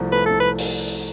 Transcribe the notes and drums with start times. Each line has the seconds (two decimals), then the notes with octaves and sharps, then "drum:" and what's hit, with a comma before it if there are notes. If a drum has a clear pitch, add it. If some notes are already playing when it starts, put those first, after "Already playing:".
Already playing: C2 F3 A3
0.12 A3 B4
0.26 A4
0.31 C2
0.40 B4
0.58 drum: open hi-hat